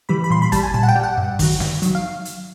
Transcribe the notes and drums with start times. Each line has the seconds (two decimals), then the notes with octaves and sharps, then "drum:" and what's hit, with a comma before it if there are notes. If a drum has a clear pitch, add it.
0.09 E3 G3 B5
0.24 B5
0.30 A#2 C6
0.42 B5
0.52 G3 A5, drum: kick, hi-hat
0.63 G#5
0.74 A#2 A5
0.83 F#5
0.89 G5
0.96 G3
1.03 F#5
1.18 G2
1.39 D#3 F#3, drum: kick, open hi-hat
1.60 G2, drum: snare
1.82 D#3 F#3, drum: hi-hat
1.95 F5
2.25 drum: hi-hat